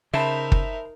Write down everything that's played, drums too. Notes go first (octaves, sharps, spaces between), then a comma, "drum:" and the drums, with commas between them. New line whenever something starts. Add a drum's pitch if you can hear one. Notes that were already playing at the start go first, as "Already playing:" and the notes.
C#3 D#4 A#4 C5 E5 A5 B5
drum: kick